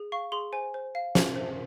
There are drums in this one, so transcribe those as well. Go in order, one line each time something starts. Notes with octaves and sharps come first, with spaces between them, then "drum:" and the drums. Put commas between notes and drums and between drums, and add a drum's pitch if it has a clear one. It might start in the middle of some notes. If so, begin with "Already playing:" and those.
Already playing: G#4
F5 C#6
G#4 C6
C5 G#5
C5
F5
C5, drum: snare
C5